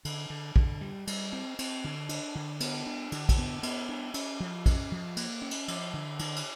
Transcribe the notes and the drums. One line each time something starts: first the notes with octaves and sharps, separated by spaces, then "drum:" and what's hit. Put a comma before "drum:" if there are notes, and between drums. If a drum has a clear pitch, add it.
D3, drum: cymbal
D3
D3, drum: kick
G3
G3, drum: cymbal
C4
C4, drum: cymbal
D3
D4, drum: cymbal
D3
B3, drum: cymbal
D4
D3, drum: cymbal
drum: kick, cymbal
B3
B3, drum: cymbal
D4
C#4, drum: cymbal
F3
C#4, drum: kick, cymbal
F3
A#3, drum: cymbal
C#4
drum: cymbal
F3, drum: cymbal
D3
D3, drum: cymbal
drum: cymbal